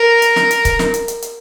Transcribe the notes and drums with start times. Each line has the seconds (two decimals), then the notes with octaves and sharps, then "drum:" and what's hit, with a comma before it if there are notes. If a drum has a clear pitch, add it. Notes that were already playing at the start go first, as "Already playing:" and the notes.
Already playing: A#4
0.22 drum: hi-hat
0.36 drum: snare
0.51 drum: hi-hat
0.65 drum: kick C#1, hi-hat
0.79 drum: snare
0.94 drum: hi-hat
1.08 drum: hi-hat
1.22 drum: hi-hat